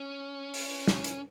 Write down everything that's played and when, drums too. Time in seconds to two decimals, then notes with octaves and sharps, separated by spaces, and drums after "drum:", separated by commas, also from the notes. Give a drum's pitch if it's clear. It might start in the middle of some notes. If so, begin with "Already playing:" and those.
Already playing: C#4
0.54 drum: open hi-hat
0.88 drum: snare
1.04 drum: hi-hat